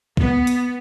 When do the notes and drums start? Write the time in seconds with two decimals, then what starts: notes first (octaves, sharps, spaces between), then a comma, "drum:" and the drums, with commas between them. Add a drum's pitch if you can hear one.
0.17 B3, drum: kick
0.47 drum: hi-hat